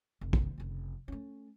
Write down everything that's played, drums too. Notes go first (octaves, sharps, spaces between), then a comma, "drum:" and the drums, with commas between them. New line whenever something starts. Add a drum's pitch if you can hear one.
F1
drum: kick
F1 C#3
A3 C#4